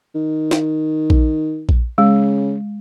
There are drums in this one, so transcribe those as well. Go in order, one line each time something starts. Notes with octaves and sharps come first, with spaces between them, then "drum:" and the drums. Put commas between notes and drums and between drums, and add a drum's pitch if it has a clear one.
D#3
drum: snare
drum: kick A#1
drum: kick A#1
C#3 G#3